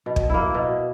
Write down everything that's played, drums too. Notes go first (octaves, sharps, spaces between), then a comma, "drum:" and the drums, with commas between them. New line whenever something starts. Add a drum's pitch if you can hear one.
B2
drum: kick
A#3 E4
B2